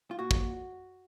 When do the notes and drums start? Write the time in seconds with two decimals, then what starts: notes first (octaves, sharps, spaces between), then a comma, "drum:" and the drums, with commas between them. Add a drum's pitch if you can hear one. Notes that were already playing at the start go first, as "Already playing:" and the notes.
0.11 F4
0.19 A#2 F#4
0.31 drum: kick